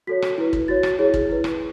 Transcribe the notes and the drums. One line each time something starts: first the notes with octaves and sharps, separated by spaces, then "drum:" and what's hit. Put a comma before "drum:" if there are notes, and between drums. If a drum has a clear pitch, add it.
F#4 A4 C#5 B6
drum: rim click
E4 B4
drum: kick
F#4 C#5 A6
drum: rim click
E4 G#4 C#5
drum: kick
E4 B4
drum: rim click